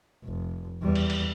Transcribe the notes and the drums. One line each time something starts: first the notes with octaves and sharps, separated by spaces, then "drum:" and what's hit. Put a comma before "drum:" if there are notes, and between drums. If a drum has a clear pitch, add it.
F1
E2 G3
drum: cymbal
drum: cymbal